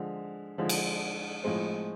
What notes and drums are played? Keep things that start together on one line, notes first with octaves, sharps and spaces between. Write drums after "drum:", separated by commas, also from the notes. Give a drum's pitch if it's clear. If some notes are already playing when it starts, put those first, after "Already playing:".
Already playing: D3 F3 G#3
D3 F3 G#3
drum: cymbal
A2 F3 G#3 C4